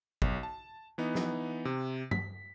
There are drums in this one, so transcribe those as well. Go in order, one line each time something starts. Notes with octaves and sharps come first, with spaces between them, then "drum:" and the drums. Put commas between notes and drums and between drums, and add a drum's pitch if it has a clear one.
B1, drum: kick
A5
E3 B3 D#4
drum: snare
C3
B6, drum: tom